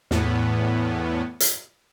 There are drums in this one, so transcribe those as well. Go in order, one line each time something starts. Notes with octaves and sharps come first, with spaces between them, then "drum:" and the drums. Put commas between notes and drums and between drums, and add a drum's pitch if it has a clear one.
E2 A2 B3, drum: snare
drum: hi-hat